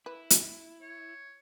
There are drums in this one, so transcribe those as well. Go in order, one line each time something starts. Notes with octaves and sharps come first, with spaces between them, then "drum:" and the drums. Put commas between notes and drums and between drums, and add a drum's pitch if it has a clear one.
E4 B4
drum: hi-hat
C#5